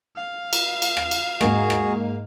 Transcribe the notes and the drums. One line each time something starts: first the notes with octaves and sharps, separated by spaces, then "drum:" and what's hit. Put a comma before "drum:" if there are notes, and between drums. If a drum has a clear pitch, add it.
F5
drum: cymbal
drum: cymbal
drum: rim click
drum: cymbal
G#2 A#3 F#4 G#4, drum: rim click
drum: rim click